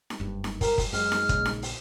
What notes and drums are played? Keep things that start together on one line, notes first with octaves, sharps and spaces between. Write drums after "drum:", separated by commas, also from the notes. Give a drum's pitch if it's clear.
drum: snare D#4
F#1 G2
drum: snare D#4
A#4, drum: kick, open hi-hat
drum: kick, open hi-hat
F#2 G#3 F6, drum: open hi-hat
drum: snare D#4
A#1 C#3, drum: kick, hi-hat
drum: snare D#4
drum: open hi-hat